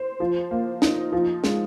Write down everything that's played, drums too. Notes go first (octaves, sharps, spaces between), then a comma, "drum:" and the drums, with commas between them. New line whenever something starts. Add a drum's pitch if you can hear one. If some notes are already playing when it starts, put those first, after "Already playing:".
Already playing: C5
F3
A#3
D#4, drum: snare
F3
G#3, drum: snare